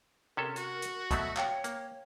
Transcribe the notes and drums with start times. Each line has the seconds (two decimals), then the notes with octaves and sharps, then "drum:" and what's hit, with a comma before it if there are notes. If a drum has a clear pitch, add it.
0.37 C3 C#4 A4 A#4
0.56 F#4, drum: hi-hat
0.82 drum: hi-hat
1.11 B2 F#3 A3 E5, drum: kick, hi-hat
1.37 C#5 F5 G5, drum: clap
1.64 A#3, drum: hi-hat